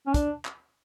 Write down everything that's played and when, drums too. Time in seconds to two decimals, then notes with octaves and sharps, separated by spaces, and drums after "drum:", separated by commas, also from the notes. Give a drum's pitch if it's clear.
0.07 C#4
0.14 D4, drum: kick, hi-hat
0.45 drum: clap